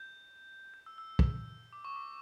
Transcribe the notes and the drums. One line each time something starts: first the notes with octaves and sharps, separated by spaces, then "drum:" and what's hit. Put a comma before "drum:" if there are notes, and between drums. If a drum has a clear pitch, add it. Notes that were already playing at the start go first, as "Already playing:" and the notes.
Already playing: G6
G6
E6
E6
drum: kick
D6
C#6
D6